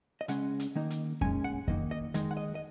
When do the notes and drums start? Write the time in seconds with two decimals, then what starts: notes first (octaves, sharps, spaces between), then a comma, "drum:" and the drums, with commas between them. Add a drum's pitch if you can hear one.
0.21 D#5
0.28 C#3 G#3 C#4 F#5, drum: hi-hat
0.60 drum: hi-hat
0.75 D#3 A#3 D#4
0.90 drum: hi-hat
1.21 A#2 G#3 C#4 G#5, drum: kick F2
1.44 F#5
1.68 D#3 A#3 D#4 D#5, drum: kick F2
1.91 D#5
2.14 D#3 G#3 D#4 D#5, drum: hi-hat
2.31 F#5
2.37 D#5
2.55 D#5